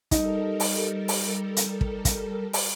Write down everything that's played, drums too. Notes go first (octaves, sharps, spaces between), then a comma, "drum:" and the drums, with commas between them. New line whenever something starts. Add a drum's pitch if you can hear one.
G3 D#4 A4 A#4, drum: kick, hi-hat
drum: open hi-hat
drum: open hi-hat
drum: hi-hat
drum: kick
drum: kick, hi-hat
drum: open hi-hat